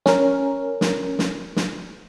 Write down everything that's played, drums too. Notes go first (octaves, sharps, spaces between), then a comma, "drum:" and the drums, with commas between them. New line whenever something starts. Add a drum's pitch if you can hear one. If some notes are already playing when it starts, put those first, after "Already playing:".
C#4 A#4, drum: snare
drum: snare
drum: snare
drum: snare